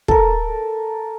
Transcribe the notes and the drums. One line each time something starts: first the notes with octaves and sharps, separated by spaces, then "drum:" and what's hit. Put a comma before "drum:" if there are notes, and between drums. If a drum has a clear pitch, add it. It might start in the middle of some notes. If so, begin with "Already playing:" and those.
A4 A#4, drum: kick